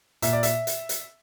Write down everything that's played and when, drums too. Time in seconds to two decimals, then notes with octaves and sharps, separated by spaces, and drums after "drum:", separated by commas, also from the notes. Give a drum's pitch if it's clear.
0.22 A#2 E5, drum: hi-hat
0.33 D5
0.43 E5, drum: hi-hat
0.67 drum: hi-hat
0.89 drum: hi-hat